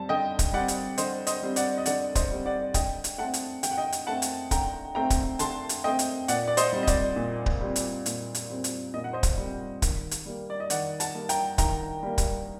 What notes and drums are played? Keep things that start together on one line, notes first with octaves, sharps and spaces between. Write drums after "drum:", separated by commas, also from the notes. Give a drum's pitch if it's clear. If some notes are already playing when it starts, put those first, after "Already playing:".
Already playing: G3 C4 A5
D3 D#5 G5
drum: kick D1, hi-hat
G3 C4 D5 F#5
drum: hi-hat
D3 C5 D#5, drum: hi-hat
C5 D#5, drum: hi-hat
G3 C4
D5 F#5, drum: hi-hat
D#5
D3 D5 F#5, drum: hi-hat
C5 D#5, drum: kick D1, hi-hat
G3 C4
D5 F#5
D3 D#5 G5, drum: kick D1, hi-hat
drum: hi-hat
A3 C4 F#5 A5
drum: hi-hat
D3 G5, drum: hi-hat
F#5
D#5 G5
drum: hi-hat
A3 C4 F#5 A5
drum: hi-hat
D3 G5 A#5, drum: kick D1, hi-hat
A3 C4 G5 A#5
drum: kick D1, hi-hat
D3 A5 C6, drum: hi-hat
drum: hi-hat
A3 C4 D#5 G5
drum: hi-hat
A#2 D5 F#5, drum: hi-hat
D5
C5 D#5, drum: hi-hat
G3 C4
D#5
D5, drum: kick D1, hi-hat
A#2
drum: kick D1
G3 C4
drum: hi-hat
A#2, drum: hi-hat
drum: hi-hat
G3 C4
drum: hi-hat
A#2 D#5
F#5
C5 D#5
drum: kick D1, hi-hat
G3 C4
D#3, drum: kick D1, hi-hat
drum: hi-hat
G3 A#3
D5
D#5
D#3 D5 F#5, drum: hi-hat
F#5 A5, drum: hi-hat
G3 A#3
G5 A#5, drum: hi-hat
D#3 G5 A#5, drum: kick D1, hi-hat
G3 A#3
drum: kick D1, hi-hat